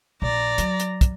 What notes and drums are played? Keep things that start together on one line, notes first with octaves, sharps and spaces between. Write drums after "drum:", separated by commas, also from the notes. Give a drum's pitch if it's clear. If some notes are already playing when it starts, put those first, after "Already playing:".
A#1 D5 A#5
F#3, drum: hi-hat
drum: hi-hat
drum: kick, hi-hat